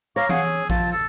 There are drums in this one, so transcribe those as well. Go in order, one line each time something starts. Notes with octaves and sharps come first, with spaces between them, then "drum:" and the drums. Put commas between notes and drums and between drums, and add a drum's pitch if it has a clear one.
C#5 F5 A#5 D6 F6
G#4 F5 F#5, drum: tom E3
E6
F3 A5, drum: kick A1, tambourine
A4, drum: tambourine